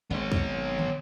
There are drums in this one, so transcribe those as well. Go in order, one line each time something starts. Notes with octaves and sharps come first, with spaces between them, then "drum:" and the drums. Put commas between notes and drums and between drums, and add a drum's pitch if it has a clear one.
G#1 B3 C#5
drum: kick
drum: tom